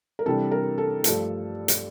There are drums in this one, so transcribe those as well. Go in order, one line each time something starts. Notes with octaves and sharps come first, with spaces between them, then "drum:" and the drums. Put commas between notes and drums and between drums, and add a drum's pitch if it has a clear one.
A#4
C3 E3 G3 D4 A4
A#4
A4
G2 F3 A3 A4, drum: hi-hat
drum: hi-hat